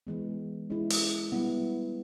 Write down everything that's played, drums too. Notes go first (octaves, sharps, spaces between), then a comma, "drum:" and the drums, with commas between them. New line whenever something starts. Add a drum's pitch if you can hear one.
E3 G#3 B3
G#3 C#4 E4
drum: open hi-hat
G3 B3 E4